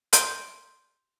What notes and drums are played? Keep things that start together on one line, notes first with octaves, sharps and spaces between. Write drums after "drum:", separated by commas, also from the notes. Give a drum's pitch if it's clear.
C6 G6 D7, drum: hi-hat